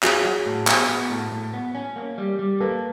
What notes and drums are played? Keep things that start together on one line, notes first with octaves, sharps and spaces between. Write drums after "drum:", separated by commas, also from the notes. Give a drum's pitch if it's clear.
F#3 F#4 G#4, drum: clap
F#3
A2
B3, drum: clap
B3
A2
A2
B3
C#4
A#3
G3
G3
A#3 A4 B4